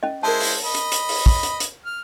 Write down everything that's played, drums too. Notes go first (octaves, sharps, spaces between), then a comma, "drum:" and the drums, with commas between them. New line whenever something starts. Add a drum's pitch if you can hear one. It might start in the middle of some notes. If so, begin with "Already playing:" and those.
C#4 D#5
G#3 E4 A#4 C5 A5
drum: open hi-hat
D#5 B5
drum: hi-hat
drum: hi-hat
drum: open hi-hat
drum: kick
drum: hi-hat
drum: hi-hat
F6